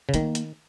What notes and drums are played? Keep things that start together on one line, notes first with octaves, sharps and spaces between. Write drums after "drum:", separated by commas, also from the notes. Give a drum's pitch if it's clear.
C#3
D#3 A#3, drum: hi-hat
drum: hi-hat